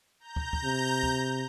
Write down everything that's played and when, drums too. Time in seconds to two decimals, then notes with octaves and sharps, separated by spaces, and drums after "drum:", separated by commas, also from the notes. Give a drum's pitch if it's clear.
0.20 A#5 G6
0.36 drum: kick
0.53 drum: kick
0.64 C3
1.03 drum: kick